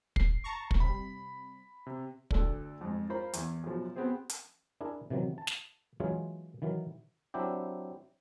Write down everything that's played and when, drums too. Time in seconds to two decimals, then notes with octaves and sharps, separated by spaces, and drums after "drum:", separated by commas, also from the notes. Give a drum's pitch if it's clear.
0.16 C7, drum: kick
0.44 A5 A#5 C#6
0.71 drum: kick
0.80 C3 G3 B5
1.86 C3
2.31 D2 A4 D5, drum: kick
2.81 F2 G#2
3.09 F4 A#4 C5 B5
3.33 E2, drum: hi-hat
3.64 F#2 B2 F3
3.96 B3 C4 F#4 G#4 C5
4.29 drum: hi-hat
4.81 D4 E4 G#4 A#4
5.10 C3 D#3 E3 F#3
5.38 A5
5.47 drum: snare
6.00 E3 F#3 G#3 C#4 F4 G#4
6.62 D#3 E3 F#3 A#4
7.34 F#3 C4 D4 E4 G4